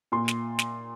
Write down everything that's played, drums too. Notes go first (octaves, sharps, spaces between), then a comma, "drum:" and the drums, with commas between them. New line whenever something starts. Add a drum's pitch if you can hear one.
A#2 C6
drum: snare
drum: snare